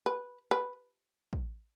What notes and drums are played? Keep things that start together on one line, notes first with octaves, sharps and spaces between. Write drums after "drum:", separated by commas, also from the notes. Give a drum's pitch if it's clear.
B4
B4
drum: kick